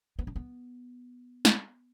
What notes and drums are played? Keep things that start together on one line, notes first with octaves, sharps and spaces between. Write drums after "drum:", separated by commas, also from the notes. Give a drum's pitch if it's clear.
B3
D4
B3
drum: snare